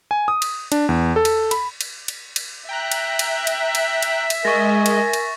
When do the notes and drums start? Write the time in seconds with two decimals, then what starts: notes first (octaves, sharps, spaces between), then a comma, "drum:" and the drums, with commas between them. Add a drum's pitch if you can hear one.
0.11 G#5
0.28 D#6
0.42 drum: cymbal
0.72 D4, drum: cymbal
0.89 E2
1.16 A4
1.25 drum: cymbal
1.51 B5, drum: cymbal
1.81 drum: cymbal
2.08 drum: cymbal
2.36 drum: cymbal
2.69 E5 G5 A#5 F#6
2.92 drum: cymbal
3.19 drum: cymbal
3.47 drum: cymbal
3.75 drum: cymbal
4.02 drum: cymbal
4.30 drum: cymbal
4.45 G#3 A#4 D#5 G#5 C#6 A6 A#6
4.86 drum: cymbal
5.13 drum: cymbal